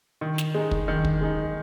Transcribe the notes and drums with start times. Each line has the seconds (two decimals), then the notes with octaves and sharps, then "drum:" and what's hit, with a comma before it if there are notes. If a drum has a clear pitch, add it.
0.21 D#3
0.38 drum: snare
0.54 G#3 D#4
0.71 drum: kick
0.88 D#3
1.05 drum: kick
1.21 G#3 D#4